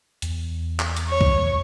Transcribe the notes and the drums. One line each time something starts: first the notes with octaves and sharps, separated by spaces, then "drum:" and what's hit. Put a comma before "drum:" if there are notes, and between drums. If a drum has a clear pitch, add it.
E2, drum: hi-hat
drum: clap
drum: hi-hat
C#5
drum: kick